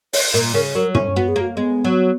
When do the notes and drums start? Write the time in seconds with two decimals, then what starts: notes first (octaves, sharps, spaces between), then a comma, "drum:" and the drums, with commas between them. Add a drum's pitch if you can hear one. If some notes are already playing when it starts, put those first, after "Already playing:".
0.13 C#5, drum: open hi-hat
0.33 A#2 A#4
0.54 C#3 A#4
0.75 F#3 A#4
0.95 C#4, drum: tom
1.16 B3 F#4
1.28 G#4
1.36 A#3
1.41 F#4
1.57 G#3 B3
1.84 F#3